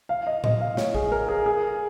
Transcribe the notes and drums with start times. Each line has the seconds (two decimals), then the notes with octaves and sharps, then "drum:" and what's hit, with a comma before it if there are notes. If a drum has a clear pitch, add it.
0.09 F5
0.27 D#5
0.44 D#5, drum: tom A2
0.61 F5
0.77 C#5, drum: snare
0.95 G#4, drum: kick
1.12 A#4
1.29 G#4
1.46 G#4